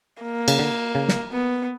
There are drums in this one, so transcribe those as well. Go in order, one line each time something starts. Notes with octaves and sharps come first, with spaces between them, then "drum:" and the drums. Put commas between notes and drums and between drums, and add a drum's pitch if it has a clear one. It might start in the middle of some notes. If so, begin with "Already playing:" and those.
A#3
C#3, drum: cymbal
D3
C#3
drum: snare
B3